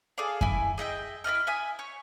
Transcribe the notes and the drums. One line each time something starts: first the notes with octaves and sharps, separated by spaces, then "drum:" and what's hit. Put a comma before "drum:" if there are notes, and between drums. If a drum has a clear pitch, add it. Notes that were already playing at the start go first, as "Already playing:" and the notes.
G#4 A4 D5 F5
E4 G#5, drum: kick F#2
G#4 D#5 E5 G5
E4 D5 D#5 F6
E5 G#5 D#6
C#5